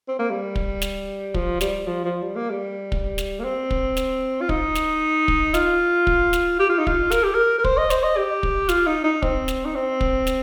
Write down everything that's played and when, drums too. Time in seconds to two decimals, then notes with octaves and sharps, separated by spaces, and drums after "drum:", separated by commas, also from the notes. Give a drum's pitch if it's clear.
0.08 C4
0.19 A#3
0.30 G3
0.56 drum: kick
0.82 drum: snare
1.34 F3, drum: kick
1.61 G3, drum: snare
1.86 F3
2.04 F3
2.22 G3
2.36 A#3
2.50 G3
2.92 drum: kick
3.18 drum: snare
3.39 A#3
3.44 C4
3.71 drum: kick
3.97 drum: snare
4.41 F4
4.49 D#4, drum: kick
4.76 drum: snare
5.28 drum: kick
5.54 F4, drum: snare
6.07 drum: kick
6.33 drum: snare
6.59 G4
6.69 F4
6.78 D#4
6.87 F4, drum: kick
7.12 A#4, drum: snare
7.23 G4
7.34 A#4
7.59 A#4
7.64 C5, drum: kick
7.78 D#5
7.90 C5, drum: snare
8.03 D#5
8.17 G4
8.43 drum: kick
8.69 F4, drum: snare
8.87 D#4
9.04 D#4
9.22 C4, drum: kick
9.48 drum: snare
9.65 D#4
9.75 C4
10.01 drum: kick
10.27 drum: snare